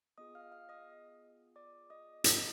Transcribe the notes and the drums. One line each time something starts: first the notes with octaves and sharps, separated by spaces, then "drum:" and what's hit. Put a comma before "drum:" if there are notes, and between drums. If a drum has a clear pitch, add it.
B3 F4 G#4 D#5 D#6
F5 F6
F5 F6
D#5 D#6
D5 D6
D#5 D#6
D#5 D#6, drum: hi-hat